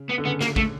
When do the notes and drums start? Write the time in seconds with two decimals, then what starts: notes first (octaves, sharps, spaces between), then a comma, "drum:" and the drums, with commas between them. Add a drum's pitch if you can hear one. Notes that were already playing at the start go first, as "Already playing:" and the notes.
Already playing: C#3
0.09 B3
0.18 D3
0.25 C#3 B3
0.41 A#3, drum: snare
0.56 A3, drum: kick